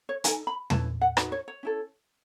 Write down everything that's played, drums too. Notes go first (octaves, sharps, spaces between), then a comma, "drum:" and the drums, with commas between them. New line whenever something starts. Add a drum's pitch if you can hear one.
C#5
D#4 A4 G#5, drum: hi-hat
B5
C#4 E4 B4 A5, drum: tom
F#5
D#4 F#4 B4 D#5, drum: rim click
C#5
C#5
C#4 E4 A4